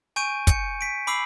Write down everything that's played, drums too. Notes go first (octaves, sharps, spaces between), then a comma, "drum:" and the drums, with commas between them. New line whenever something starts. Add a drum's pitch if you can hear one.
G#5 C#6 G6 D7 D#7
G6 C#7, drum: kick, hi-hat
B6 D7
B5 D6 E6 C7 F#7